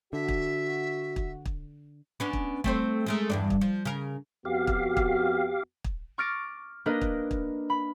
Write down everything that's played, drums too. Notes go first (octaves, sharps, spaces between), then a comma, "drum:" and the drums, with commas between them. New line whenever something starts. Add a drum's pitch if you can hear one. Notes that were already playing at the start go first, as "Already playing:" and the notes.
D3 F#4 E5
drum: kick
drum: kick
drum: kick
B3 C#4 D4
drum: kick
A3 C4 C5, drum: kick
G#3 A3 A#4
E2 G2 D4
drum: kick
F3
C#3 A#4
F2 B3 F#4 G4 F5
drum: kick
drum: kick
drum: kick
C#6 D6 F6 A6 A#6 D7
A#3 D4 A#4 B4 D#5
drum: kick
drum: kick
B5